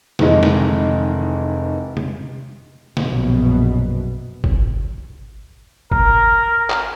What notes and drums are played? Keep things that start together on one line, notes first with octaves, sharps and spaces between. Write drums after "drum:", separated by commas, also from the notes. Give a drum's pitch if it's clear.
F1 D#3 E3 G#3, drum: snare
drum: snare
drum: tom C3
A#1 F#2 B2, drum: snare
drum: kick G1
A#4, drum: kick G1
drum: clap